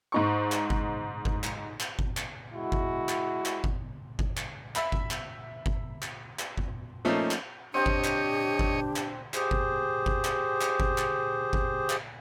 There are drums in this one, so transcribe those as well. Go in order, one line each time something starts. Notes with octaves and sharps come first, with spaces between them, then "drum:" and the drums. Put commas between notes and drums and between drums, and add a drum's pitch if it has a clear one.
G#2 D#4 C#6
drum: clap
drum: kick G1
drum: kick G1
drum: clap
drum: clap
drum: kick G1
drum: clap
G#3 E4 F#4
drum: kick G1
drum: clap
drum: clap
drum: kick G1
drum: kick G1
drum: clap
E5 B5, drum: clap
drum: kick G1
drum: clap
drum: kick G1
drum: clap
drum: clap
drum: kick G1
F3 A3 A#3 C#4 D#4
drum: clap
C4 D4 G4 C#5 D#5 G5 D#6
drum: kick G1
drum: clap
drum: kick G1
drum: clap
G4 G#4 C5, drum: clap
drum: kick G1
drum: kick G1
drum: clap
drum: clap
drum: kick G1
drum: clap
drum: kick G1
drum: clap